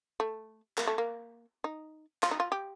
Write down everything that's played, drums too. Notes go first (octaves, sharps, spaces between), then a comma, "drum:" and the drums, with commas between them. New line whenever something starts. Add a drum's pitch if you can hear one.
A3
A#3, drum: clap
A3
A#3
D#4
F4, drum: clap
D#4
F4
G4